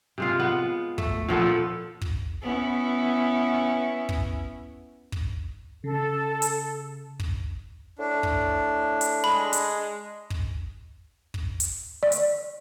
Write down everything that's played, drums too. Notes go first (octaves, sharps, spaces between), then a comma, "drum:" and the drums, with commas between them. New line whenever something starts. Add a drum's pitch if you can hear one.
C3 G#3 F4
B3
A3, drum: kick
A#2 F3 B3 A4
drum: kick
B3 C#4 E4
drum: kick
drum: kick
C#3 A4
drum: hi-hat
drum: kick
A2 D4
drum: kick
drum: hi-hat
G#3 B5
drum: hi-hat
drum: kick
drum: kick
drum: hi-hat
D5
drum: hi-hat